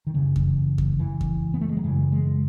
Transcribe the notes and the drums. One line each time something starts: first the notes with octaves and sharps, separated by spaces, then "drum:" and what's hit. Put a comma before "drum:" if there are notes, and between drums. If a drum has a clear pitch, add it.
D#3
F#2 C#3 E3
drum: kick F2
drum: kick F2
E3
drum: kick F2
B3
A3
G#3
F#3
F#2 C#3 E3
G#3